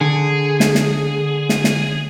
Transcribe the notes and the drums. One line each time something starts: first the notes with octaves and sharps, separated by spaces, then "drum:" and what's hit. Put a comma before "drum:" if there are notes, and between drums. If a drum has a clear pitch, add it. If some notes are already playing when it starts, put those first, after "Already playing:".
D3 G#4
drum: snare
drum: snare
drum: snare
drum: snare